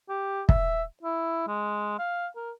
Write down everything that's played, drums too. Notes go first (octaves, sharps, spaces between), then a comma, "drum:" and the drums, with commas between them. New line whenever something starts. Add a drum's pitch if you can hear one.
G4
E5, drum: kick
E4
G#3
F5
A#4